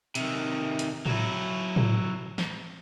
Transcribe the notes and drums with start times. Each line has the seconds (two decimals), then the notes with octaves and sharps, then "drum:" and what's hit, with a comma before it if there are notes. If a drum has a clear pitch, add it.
0.15 C3 D#3, drum: hi-hat
0.79 drum: hi-hat
1.06 F#3 E4, drum: tom A2
1.76 drum: tom A2
2.38 drum: snare